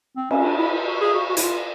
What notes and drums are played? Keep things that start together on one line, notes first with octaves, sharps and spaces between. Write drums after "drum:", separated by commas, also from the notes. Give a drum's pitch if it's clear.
C4
C#4, drum: cymbal
D4
E4
F4
F#4
G#4
F#4
F#4
E4, drum: hi-hat
F4